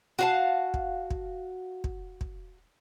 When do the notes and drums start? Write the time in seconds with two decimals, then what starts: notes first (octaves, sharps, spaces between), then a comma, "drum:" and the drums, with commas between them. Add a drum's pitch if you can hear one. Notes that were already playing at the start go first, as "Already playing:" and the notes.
0.19 F#4 F5 A5
0.74 drum: kick
1.11 drum: kick
1.84 drum: kick
2.21 drum: kick